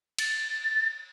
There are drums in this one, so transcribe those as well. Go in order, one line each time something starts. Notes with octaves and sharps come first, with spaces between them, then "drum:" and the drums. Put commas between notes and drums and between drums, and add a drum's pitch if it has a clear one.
A6, drum: cymbal